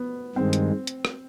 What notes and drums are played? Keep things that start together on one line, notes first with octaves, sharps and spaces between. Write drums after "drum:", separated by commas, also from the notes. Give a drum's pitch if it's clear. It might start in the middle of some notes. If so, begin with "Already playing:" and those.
Already playing: B3
G2 D#3 G#3 C4
drum: hi-hat
drum: hi-hat
drum: rim click